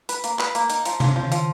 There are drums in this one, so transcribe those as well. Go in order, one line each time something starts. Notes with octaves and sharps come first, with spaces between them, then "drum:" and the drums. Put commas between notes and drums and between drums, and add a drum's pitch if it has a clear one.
B4, drum: hi-hat
A#3, drum: hi-hat
B4, drum: clap
A#3, drum: hi-hat
D#4, drum: hi-hat
F3, drum: hi-hat
C#3 F3, drum: tom C3
C#3 F3
D#3
C#3 F3, drum: hi-hat